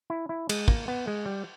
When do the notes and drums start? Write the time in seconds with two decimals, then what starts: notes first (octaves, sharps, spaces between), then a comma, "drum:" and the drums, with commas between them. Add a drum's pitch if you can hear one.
0.10 E4
0.29 E4
0.49 G#3, drum: cymbal
0.68 A#3, drum: kick
0.88 B3
1.07 G#3
1.26 G3